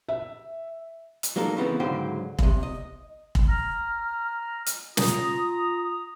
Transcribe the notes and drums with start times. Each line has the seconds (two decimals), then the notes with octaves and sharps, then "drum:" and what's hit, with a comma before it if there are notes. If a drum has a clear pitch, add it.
0.09 E5
1.23 drum: hi-hat
1.36 F#3 G#3 A#3 D#4 A4
1.57 C#3 E3 B3 C4
1.80 C#2 G#2 D3 F#3 C5 G5
2.39 G2 C3, drum: kick
2.63 D#5
3.35 drum: kick
3.48 A#5 F6
4.66 drum: hi-hat
4.97 F4 A#5 D#6, drum: snare